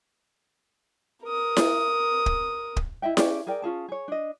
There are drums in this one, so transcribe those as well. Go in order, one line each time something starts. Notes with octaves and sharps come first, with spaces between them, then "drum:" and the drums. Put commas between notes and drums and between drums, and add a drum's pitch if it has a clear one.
A#4 D#6
drum: snare E4
drum: kick
drum: kick
E4 D#5 E5 G5
C#4 G4 G#4 D5, drum: snare E4
G#4 A#4 D5 G5
C#4 F4 G#4 A5
G#4 C#5
D4 D#5